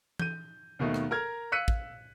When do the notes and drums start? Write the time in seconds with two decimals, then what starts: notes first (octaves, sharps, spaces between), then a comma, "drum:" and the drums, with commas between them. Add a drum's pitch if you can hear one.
0.19 G6 D#7, drum: tom E3
0.79 D#2 B2 D#3 A3
0.94 drum: rim click
1.11 A#4 A#5 F6 G#6
1.52 F5 E6 F#6 B6 C#7 D#7
1.68 drum: kick